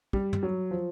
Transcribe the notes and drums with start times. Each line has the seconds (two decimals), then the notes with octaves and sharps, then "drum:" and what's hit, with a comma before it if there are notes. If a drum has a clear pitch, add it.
0.13 G3, drum: kick
0.33 drum: tom
0.43 F#3
0.71 F3